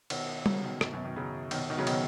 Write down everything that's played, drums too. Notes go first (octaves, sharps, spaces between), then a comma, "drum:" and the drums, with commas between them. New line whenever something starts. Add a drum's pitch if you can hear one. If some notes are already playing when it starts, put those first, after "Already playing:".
B2 D#3, drum: cymbal
C#3 F#3, drum: tom G3
B2 D#3
F#2 B2, drum: rim click
F#2 B2
B2 D#3
C#3 F#3
B2 D#3, drum: cymbal
B2 D#3
C#3 F#3
B2 D#3, drum: cymbal